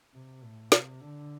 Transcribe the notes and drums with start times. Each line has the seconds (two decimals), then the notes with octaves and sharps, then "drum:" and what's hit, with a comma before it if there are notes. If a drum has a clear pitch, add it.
0.14 C3
0.43 A2
0.72 C3, drum: snare
1.01 D3